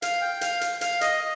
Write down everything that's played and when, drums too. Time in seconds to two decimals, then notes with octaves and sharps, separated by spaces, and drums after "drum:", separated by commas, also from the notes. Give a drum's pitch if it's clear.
0.02 F5, drum: hi-hat
0.22 G5
0.41 F5, drum: hi-hat
0.61 drum: hi-hat
0.81 F5, drum: hi-hat
1.01 D#5, drum: hi-hat